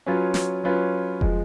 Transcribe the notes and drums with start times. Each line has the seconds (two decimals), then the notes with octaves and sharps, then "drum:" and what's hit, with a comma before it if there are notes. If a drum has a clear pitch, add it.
0.06 F#3 C#4 F4 B4
0.34 drum: snare
0.63 F#3 C#4 F4 B4
1.21 F3 G#3, drum: kick F1